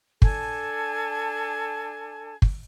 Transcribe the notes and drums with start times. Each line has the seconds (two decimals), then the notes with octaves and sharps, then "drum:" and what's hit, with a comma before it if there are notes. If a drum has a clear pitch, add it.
0.22 D4 A4 G#5 A5, drum: kick
2.42 drum: kick